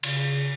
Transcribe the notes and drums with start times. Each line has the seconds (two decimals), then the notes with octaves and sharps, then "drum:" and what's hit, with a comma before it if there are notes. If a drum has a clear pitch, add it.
0.03 C#3, drum: cymbal